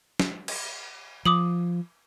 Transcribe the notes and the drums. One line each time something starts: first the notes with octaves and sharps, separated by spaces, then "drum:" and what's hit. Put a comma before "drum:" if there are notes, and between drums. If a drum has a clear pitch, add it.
drum: snare
drum: cymbal
F3 D6 D#6 F#7